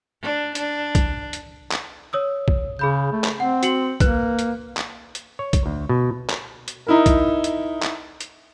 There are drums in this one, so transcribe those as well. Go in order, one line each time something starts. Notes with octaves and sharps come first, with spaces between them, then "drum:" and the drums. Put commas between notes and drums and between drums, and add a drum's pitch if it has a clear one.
D4
D4, drum: hi-hat
drum: kick B1, hi-hat
drum: hi-hat
drum: clap
C#5 D#6 E6
drum: kick B1
C#3 G#4 B5 G6
A3
drum: clap
C4 F#5
F#4 C#7 F#7, drum: hi-hat
A#3 B4 F#6, drum: kick B1, hi-hat
drum: hi-hat
drum: clap
drum: hi-hat
C#5
drum: kick B1, hi-hat
D2
B2
drum: clap
drum: hi-hat
D#4 E4 A#4
drum: kick B1, hi-hat
drum: hi-hat
drum: clap
drum: hi-hat